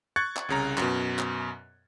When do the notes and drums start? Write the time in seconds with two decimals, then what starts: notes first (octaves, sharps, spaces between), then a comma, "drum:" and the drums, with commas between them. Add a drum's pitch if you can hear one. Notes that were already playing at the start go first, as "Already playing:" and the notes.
0.16 C#6 F#6 G#6 A6 C#7
0.37 drum: clap
0.49 C2 C#3 A#5
0.78 F#2 B2, drum: clap
1.19 drum: clap